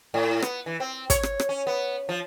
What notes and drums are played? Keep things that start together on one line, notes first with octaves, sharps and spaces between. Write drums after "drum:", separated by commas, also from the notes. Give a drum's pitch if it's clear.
A2
B3, drum: rim click
E3
C4
C#5, drum: kick, hi-hat
drum: rim click
drum: rim click
C#4
B3
F3